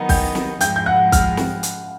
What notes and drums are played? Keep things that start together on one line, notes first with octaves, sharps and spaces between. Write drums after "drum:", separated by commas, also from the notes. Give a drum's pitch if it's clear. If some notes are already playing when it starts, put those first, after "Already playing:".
Already playing: D#3 F#3 B3 D#4 F#5
G5 G6, drum: kick, open hi-hat
drum: snare
G#2 F3 G#3 G5 G6, drum: hi-hat
G6
F#5 F#6
F6, drum: kick, hi-hat
drum: snare
drum: hi-hat